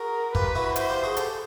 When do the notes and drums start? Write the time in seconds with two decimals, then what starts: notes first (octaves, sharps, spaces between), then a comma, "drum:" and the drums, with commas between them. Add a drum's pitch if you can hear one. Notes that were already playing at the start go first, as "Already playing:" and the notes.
Already playing: F#4 G#4 A#4
0.35 F4 G4 B4, drum: kick
0.55 E4 F#4
0.76 E4 F#4 C5, drum: hi-hat
0.89 F4 G4
1.03 F#4 G#4
1.17 G4 A4, drum: hi-hat